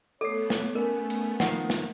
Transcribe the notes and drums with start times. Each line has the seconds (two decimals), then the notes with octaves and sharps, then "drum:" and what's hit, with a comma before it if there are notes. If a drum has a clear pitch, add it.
0.21 A3 B3 A4 C#5 D6 C7
0.50 drum: snare
0.75 C#4 A#4
1.10 drum: cymbal
1.40 D#3 F3 F#5, drum: snare
1.70 drum: snare